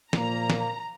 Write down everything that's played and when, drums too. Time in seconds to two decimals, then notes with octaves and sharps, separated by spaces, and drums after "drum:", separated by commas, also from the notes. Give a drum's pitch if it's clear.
0.13 A#2 F3 A#3 A#5, drum: snare
0.50 drum: snare